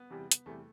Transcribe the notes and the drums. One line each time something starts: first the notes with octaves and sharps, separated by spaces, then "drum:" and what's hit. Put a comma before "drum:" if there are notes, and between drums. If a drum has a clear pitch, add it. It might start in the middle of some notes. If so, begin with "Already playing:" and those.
Already playing: B3
E2 C3 G3
drum: hi-hat
E2 C3 G3 A3